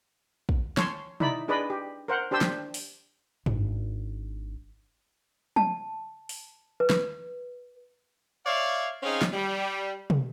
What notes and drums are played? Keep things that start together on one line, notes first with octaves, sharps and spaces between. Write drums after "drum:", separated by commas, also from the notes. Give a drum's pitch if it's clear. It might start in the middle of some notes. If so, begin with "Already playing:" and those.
drum: kick
C#5 A5 C6, drum: snare
D#4 E4 D5 B5, drum: tom
D4 G#4 B4 D5 D#5 B5
G4
A#4 C5 F#5
D4 G4 C5 A5 E6
drum: snare
drum: open hi-hat
G#1 D4, drum: tom F#2
A5, drum: tom
drum: open hi-hat
B4
drum: snare
C#5 D5 E5 F5
C4 C#4 D#4 G#4 F5
drum: snare
G3
drum: tom